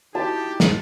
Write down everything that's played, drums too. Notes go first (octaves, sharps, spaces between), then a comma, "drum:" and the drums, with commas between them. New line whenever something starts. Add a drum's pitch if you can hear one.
D#4 E4 F#4 G4 A5
drum: snare